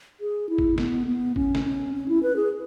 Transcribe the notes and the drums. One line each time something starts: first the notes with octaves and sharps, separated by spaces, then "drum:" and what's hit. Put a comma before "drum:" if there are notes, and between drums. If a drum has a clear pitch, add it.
G#4
E4
drum: kick
B3, drum: snare
B3
C#4, drum: kick
drum: snare
C#4
C#4
E4
B4
G#4